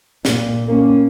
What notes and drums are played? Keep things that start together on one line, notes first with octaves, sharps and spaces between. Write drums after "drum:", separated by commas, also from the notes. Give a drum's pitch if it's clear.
A#2, drum: snare
A#3 C#4